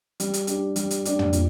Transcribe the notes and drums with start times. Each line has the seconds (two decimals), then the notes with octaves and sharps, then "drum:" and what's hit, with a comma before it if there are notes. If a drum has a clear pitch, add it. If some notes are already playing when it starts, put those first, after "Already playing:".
0.20 G3, drum: hi-hat
0.34 drum: hi-hat
0.47 D4 G4, drum: hi-hat
0.76 G3, drum: hi-hat
0.91 drum: hi-hat
1.05 D4 G4, drum: hi-hat
1.19 drum: tom
1.33 A#2, drum: hi-hat